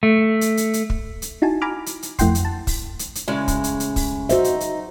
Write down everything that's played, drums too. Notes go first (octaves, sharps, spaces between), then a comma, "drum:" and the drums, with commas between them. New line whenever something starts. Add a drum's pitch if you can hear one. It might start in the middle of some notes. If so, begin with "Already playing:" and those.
A3
drum: hi-hat
drum: hi-hat
drum: hi-hat
drum: kick
drum: hi-hat
D#4 E4 F#4 G#5 A5
G#5 A#5 B5 D6 F6
drum: hi-hat
drum: hi-hat
F2 A3 E4 F#5 G5 C6, drum: kick, hi-hat
drum: hi-hat
A5
drum: kick, open hi-hat
drum: hi-hat
drum: hi-hat
A2 C#3 G#3
drum: kick, hi-hat
drum: hi-hat
drum: hi-hat
drum: kick, open hi-hat
D#4 F#4 C5 E5, drum: hi-hat
drum: hi-hat
drum: hi-hat